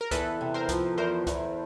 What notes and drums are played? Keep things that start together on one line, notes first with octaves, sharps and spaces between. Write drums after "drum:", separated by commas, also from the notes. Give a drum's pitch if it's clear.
A#4
E2 A4 B4, drum: kick C#2, hi-hat
C3
A#4 C5
F3, drum: kick C#2, hi-hat
E2 A#4 C5
E2, drum: kick C#2, hi-hat